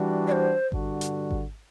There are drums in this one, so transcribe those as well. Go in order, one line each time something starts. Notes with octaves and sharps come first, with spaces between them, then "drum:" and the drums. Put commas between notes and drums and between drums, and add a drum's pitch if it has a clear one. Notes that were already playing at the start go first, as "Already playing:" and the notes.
Already playing: E3 G3 D4 F#4
D5
C5
G2 D3 G3 D4 F#4, drum: kick G#1
drum: hi-hat
drum: kick G#1